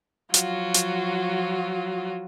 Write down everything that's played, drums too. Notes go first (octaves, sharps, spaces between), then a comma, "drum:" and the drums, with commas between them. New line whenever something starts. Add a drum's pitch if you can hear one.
F3 F#3 F4 F#4, drum: hi-hat
drum: hi-hat